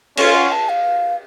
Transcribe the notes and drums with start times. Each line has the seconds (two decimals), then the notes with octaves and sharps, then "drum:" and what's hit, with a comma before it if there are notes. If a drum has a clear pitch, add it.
0.17 C#4 F4 A4, drum: cymbal
0.35 F#5
0.52 A5
0.69 F5